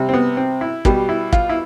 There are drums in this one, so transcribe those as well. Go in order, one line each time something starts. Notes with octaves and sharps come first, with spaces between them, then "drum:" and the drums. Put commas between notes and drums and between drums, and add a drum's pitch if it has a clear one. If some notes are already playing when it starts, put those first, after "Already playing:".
Already playing: C3 G3
C4
B3
C4
E4
B2 G3 G4, drum: kick
E4
F4, drum: kick
E4